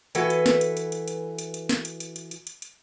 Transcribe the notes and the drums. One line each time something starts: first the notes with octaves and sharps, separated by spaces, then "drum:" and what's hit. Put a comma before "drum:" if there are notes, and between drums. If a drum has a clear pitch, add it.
E3 F#4 A4 B4 G#5, drum: hi-hat
drum: hi-hat
drum: snare
drum: hi-hat
drum: hi-hat
drum: hi-hat
drum: hi-hat
drum: hi-hat
drum: hi-hat
drum: snare
drum: hi-hat
drum: hi-hat
drum: hi-hat
drum: hi-hat
drum: hi-hat
drum: hi-hat